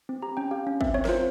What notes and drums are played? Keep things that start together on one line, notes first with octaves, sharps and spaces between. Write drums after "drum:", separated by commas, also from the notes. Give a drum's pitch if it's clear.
C4
G4 A#5
C#4 G5
G4 F5
C#4
C4 E5, drum: kick
C4 C#5
A#4, drum: snare
F4 C5